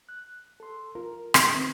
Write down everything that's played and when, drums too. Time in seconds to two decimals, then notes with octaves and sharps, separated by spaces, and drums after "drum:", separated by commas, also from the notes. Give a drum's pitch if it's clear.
0.09 F#6
0.60 A4 C6
0.95 F4 A#4
1.34 drum: rim click
1.55 D#3 B3 C4